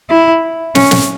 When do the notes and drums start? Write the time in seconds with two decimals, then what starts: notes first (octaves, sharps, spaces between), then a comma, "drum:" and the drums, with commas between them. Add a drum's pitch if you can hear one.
0.10 E4
0.75 C#4, drum: snare
0.91 drum: snare